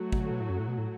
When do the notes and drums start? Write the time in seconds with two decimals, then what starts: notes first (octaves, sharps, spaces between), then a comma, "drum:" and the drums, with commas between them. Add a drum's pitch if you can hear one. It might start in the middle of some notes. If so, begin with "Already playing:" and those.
Already playing: F#3 A3 F#4
0.12 B2, drum: kick
0.22 D3
0.31 B2
0.40 A2
0.49 F#2
0.59 A2
0.68 B2
0.78 A2